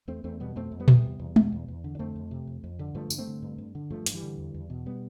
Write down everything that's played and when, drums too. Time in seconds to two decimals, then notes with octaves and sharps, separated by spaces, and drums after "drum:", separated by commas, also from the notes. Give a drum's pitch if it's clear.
0.08 E2 A3 C4
0.24 E2 A3 C4
0.40 B2 G3 B3
0.56 F2 A3 C4
0.72 F2
0.80 G3 B3
0.88 C3, drum: tom A#2
1.04 E2
1.19 E2
1.36 B2, drum: tom G#3
1.52 E2
1.68 E2
1.84 D3
1.95 D4
1.99 F2 A3 C4
2.16 F2
2.31 C3
2.47 F2
2.64 F2
2.79 D3
2.94 G2 F3 A3
3.10 G2, drum: tambourine
3.18 A3 C4
3.27 D3
3.42 G2
3.58 G2
3.75 D3
3.90 G2 F3 A3
4.06 G2, drum: hi-hat
4.14 E3 G3
4.22 D3
4.38 E2
4.54 E2
4.70 B2
4.86 G3 B3